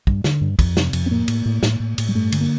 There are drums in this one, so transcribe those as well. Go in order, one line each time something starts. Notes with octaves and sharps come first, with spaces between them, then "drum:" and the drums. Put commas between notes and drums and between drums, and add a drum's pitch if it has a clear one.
G2, drum: kick
D3, drum: snare
G2
F2, drum: kick, cymbal
C3, drum: snare
F2, drum: cymbal
C4
A2 A#3
A2, drum: cymbal
A2
A2, drum: snare
A2
A2, drum: cymbal
G3
G2 A3
D3, drum: cymbal
A#3